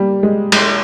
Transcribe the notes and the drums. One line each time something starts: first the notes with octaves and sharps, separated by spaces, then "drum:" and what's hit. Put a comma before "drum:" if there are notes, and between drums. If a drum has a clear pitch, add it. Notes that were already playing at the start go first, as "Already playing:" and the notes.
Already playing: G3 A#3
G#3
G#3, drum: cymbal